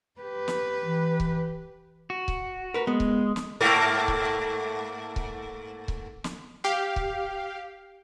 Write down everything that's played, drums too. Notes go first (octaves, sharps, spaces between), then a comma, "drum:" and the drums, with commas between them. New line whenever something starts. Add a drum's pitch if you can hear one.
G4 B4
drum: snare
E3
drum: kick C#1
F#4
drum: kick C#1
A#4 B4
G#3 B3
drum: kick C#1
drum: snare
G#2 A3 A#3
drum: kick C#1
drum: kick C#1
drum: kick C#1
drum: snare
G4 F5
drum: kick C#1